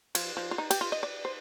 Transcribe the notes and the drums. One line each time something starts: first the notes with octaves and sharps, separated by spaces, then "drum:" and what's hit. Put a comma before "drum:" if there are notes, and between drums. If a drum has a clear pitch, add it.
F3, drum: cymbal
F3
F4
D#4
G4, drum: cymbal
F4
D#5
D5
C5